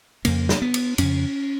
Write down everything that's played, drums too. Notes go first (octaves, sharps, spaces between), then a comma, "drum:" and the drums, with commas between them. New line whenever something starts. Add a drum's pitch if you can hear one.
F2 C#3 A#3, drum: cymbal
drum: snare
B3
drum: cymbal
F2 C#3 C#4, drum: cymbal